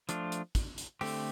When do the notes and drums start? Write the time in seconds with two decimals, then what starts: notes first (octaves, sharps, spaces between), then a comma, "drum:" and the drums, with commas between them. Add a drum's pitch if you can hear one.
0.09 F3 A3 D4 F4, drum: hi-hat
0.32 drum: hi-hat
0.55 drum: kick, hi-hat
0.78 drum: hi-hat
1.01 D3 A3 C4 G4, drum: open hi-hat